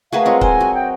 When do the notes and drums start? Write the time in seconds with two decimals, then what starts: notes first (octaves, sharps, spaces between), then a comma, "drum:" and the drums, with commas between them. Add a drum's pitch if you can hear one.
0.12 A3 F#4 G#4 A#4 B4 F5
0.25 G#3 C4 F4 C#5 D#5
0.41 F#3 C5 G#5, drum: kick C#1
0.61 F#4
0.75 G5